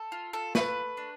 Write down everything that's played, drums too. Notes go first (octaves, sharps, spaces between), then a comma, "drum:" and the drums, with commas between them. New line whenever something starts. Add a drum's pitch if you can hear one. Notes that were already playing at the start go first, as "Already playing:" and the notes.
Already playing: A4
F4
A4
A3 B4, drum: snare
D4